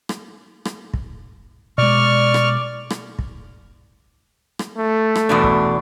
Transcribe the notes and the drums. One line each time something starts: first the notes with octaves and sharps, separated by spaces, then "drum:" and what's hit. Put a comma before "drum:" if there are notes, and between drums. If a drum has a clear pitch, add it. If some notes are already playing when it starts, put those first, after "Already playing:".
drum: rim click
drum: rim click
drum: kick
B2 G#3 D5 C#6 F6
drum: rim click
drum: rim click
drum: kick
drum: rim click
A3
drum: rim click
E2 B2 D4
drum: kick